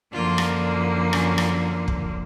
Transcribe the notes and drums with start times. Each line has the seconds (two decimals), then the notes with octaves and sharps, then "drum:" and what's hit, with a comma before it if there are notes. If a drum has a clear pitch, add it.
0.13 F#2 D3 F3 A#3 F4
0.38 drum: rim click
1.13 C#4, drum: rim click
1.38 drum: rim click
1.88 drum: kick